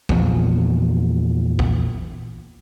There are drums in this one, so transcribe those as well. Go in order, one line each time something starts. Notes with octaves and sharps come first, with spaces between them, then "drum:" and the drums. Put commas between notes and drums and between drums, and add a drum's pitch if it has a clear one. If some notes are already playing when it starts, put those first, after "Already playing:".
E2 A#2 F3 F#3, drum: kick A1
drum: kick A1